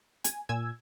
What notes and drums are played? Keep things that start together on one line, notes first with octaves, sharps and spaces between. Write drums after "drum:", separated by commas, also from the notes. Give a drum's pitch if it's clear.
G#5, drum: hi-hat
A#2 G#5 E6 G#6